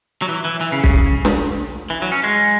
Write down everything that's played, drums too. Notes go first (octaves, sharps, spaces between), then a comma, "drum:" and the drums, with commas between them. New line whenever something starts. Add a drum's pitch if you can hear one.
F#3
E3
E3
E3
C#3
C#3, drum: kick
drum: snare
E3
F#3
C#4
G#3